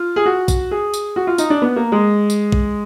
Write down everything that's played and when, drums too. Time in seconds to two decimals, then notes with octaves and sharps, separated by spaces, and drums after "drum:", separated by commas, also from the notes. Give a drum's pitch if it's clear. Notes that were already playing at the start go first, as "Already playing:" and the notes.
Already playing: F4
0.16 G#4
0.26 F#4
0.48 drum: kick A#1, tambourine
0.71 G#4
0.94 drum: tambourine
1.16 F#4
1.27 F4
1.38 D#4, drum: tambourine
1.50 D4
1.62 B3
1.76 A#3
1.92 G#3
2.30 drum: tambourine
2.52 drum: kick A#1